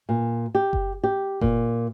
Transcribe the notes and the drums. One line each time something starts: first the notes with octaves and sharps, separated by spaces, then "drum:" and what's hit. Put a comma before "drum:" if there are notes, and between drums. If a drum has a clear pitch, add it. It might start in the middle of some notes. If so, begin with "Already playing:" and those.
A#2
G4
drum: kick F#1
G4
A#2, drum: kick F#1